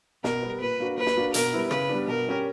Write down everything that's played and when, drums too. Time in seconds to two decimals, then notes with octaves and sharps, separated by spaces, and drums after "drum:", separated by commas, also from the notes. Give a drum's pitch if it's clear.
0.24 B2 A#4, drum: snare
0.43 G3 B3
0.61 A#2 B4
0.80 A#3 D4 F#4
0.97 A#2 B4
1.07 drum: snare
1.16 A#3 D4 F#4
1.34 B2 A#4, drum: hi-hat
1.53 G3 B3 E4
1.71 C#3 B4, drum: rim click
1.89 G3 B3 D4
2.08 B2 A#4
2.27 G3 C#4 G4